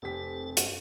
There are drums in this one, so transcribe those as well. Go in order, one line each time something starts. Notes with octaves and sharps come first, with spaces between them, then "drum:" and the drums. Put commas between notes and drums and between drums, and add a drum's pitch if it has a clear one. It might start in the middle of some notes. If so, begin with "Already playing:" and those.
F1 C3 G4 A4 B6
G2, drum: hi-hat